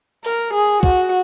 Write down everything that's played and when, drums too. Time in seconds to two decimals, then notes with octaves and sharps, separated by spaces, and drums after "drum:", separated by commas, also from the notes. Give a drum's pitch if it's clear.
0.25 A#4, drum: open hi-hat
0.54 G#4
0.83 F#4, drum: kick